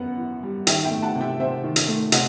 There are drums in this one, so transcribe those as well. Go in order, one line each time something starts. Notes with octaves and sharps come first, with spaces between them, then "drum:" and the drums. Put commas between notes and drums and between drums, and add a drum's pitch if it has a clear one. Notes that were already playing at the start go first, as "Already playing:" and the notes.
Already playing: F#2 B3 F#5
E3
G3
D#3 E5 G5, drum: hi-hat
E5 G5
A3
F#5 A5
C3
E5 G5
C3 C5 E5
D#3
drum: hi-hat
A3
C3 D#5 F#5, drum: hi-hat